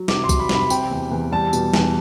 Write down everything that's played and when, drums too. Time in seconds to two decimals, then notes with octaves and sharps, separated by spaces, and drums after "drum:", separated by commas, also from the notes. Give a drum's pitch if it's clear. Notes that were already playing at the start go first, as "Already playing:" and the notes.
Already playing: F#3
0.08 C3 D6, drum: snare
0.24 C6
0.29 F#3, drum: kick, tambourine
0.39 B5
0.49 C3, drum: snare
0.55 B5
0.70 C3 G5, drum: tambourine
0.91 E2
1.11 E2
1.32 G3 A5
1.53 B2, drum: tambourine
1.74 E2, drum: snare